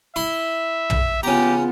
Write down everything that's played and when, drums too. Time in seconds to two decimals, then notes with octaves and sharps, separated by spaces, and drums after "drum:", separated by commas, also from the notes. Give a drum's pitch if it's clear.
0.16 E4 E5 C6
0.90 drum: tom
1.23 C#3 B3 F4 G4 A#5